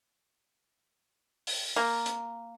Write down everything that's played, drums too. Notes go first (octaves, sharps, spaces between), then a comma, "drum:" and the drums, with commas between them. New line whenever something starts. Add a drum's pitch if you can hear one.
drum: open hi-hat
A#3
drum: hi-hat